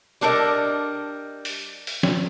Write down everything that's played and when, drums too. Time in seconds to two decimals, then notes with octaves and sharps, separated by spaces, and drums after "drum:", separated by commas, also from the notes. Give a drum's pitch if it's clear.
0.21 G3 D4 A4 A#4 D#5
1.45 drum: open hi-hat
1.87 drum: open hi-hat
2.03 drum: snare